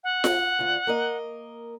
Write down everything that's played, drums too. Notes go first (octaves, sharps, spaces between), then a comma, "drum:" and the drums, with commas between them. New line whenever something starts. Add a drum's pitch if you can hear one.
F#5
drum: snare F4
D2 F4
A#3 A#4 D#5